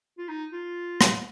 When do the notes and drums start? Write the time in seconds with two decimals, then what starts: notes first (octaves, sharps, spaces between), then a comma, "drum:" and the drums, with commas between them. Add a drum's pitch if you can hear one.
0.18 F4
0.29 D#4
0.53 F4
1.01 drum: rim click